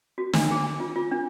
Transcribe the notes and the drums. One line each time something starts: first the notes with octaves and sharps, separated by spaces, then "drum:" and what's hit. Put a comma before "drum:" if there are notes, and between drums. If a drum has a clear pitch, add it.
F#4
D4, drum: snare
G#4
G#5
F4
F4
D4